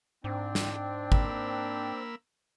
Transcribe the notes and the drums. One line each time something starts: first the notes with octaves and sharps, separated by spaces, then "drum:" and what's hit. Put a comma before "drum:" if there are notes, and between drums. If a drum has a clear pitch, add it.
G#2 C4 D4 G5
drum: snare
A#3 B5 E6, drum: kick G#1